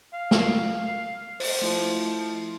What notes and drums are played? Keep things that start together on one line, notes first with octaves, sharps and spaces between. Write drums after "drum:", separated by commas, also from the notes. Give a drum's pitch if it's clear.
F5
drum: snare
C5, drum: open hi-hat
F3 A3 E4 F4